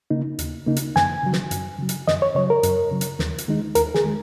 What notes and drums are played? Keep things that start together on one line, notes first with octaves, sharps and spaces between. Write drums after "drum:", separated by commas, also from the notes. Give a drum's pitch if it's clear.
C#3 A#3 D#4
D#2, drum: hi-hat
C#3 A#3 D#4
drum: hi-hat
F#2 G#5, drum: snare
C#3 F#3
drum: snare
F#2, drum: hi-hat
C#3 F#3
drum: hi-hat
F#2 D#5, drum: snare
C#5
C#3 F#3 C#5
A#4
F#2, drum: hi-hat
C#3 F#3
drum: hi-hat
D#2, drum: snare
drum: hi-hat
D#3 G#3 D#4
D#2 A#4, drum: hi-hat
G#4, drum: snare
D#3 G#3